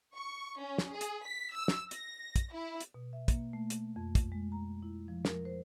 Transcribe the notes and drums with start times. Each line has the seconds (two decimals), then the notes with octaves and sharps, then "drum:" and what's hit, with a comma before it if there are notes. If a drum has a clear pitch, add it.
0.15 C#6
0.59 C#4
0.78 drum: snare
0.92 G#4
1.01 drum: hi-hat
1.24 B6
1.54 E6
1.68 drum: snare
1.91 A#6, drum: hi-hat
2.36 drum: kick, hi-hat
2.53 E4
2.80 drum: hi-hat
2.94 B2
3.13 E5
3.28 A#3, drum: kick, hi-hat
3.53 A3
3.70 drum: hi-hat
3.96 F2
4.15 drum: kick, hi-hat
4.32 G#3
4.52 A#5
4.83 E4
5.08 F3
5.25 A#4, drum: snare
5.45 C5